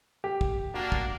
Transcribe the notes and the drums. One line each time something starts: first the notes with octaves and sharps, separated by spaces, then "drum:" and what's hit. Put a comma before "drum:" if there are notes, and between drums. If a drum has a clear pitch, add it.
G4
drum: kick
A#3 D4 F#4
drum: kick